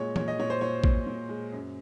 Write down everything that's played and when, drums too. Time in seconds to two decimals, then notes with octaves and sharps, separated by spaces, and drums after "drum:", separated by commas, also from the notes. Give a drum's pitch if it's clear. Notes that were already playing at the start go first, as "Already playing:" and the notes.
Already playing: A#2 G#3 C#5
0.16 A#2 C#5, drum: tom E3
0.28 D#5
0.39 A#2 C#5
0.50 C5
0.61 A#2 C#5
0.84 A#2, drum: kick A1
1.07 A#2
1.29 G#3
1.52 F#2